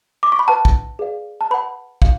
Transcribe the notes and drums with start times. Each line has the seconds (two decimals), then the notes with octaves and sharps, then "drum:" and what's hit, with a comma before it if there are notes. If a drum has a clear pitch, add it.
0.23 D6
0.32 C#6
0.39 B5
0.48 B4 F#5 A5
0.65 drum: kick
0.99 G#4 B4 D5 F5
1.41 A5
1.51 B4 F#5 B5
2.02 F5, drum: kick